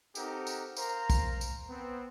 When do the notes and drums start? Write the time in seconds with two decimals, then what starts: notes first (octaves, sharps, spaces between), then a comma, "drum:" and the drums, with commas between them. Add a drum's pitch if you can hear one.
0.15 C4 D#4 G4 A4 A#4 F#5, drum: tambourine
0.47 drum: tambourine
0.77 A#4 C5 F5 A#5, drum: tambourine
1.10 drum: kick, tambourine
1.41 drum: tambourine
1.69 B3 C4